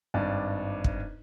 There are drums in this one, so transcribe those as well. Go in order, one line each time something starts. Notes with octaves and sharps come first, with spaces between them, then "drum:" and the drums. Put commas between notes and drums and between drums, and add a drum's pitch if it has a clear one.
G#1 G2 D5
drum: kick